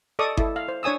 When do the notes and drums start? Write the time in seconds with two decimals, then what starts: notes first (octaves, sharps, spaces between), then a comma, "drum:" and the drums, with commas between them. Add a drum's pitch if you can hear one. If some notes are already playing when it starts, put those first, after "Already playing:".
0.19 A4 D5 D#5 C#6 D#6
0.37 E4 A4, drum: kick G1
0.56 F5
0.68 C5
0.83 D4 C#5 G#5 D#6 E6